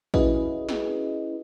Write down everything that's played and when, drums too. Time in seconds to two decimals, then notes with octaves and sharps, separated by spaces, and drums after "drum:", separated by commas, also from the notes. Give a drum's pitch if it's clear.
0.14 C#4 E4 F#4 G#4 B4 D#5, drum: kick A1
0.69 drum: snare